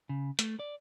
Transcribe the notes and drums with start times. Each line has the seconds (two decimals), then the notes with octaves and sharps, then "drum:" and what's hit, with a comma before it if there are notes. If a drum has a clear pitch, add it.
0.09 C#3
0.39 A3, drum: hi-hat
0.59 D5